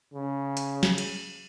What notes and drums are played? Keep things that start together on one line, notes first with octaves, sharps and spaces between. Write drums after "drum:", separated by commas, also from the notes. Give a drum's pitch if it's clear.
C#3
drum: hi-hat
drum: snare
drum: cymbal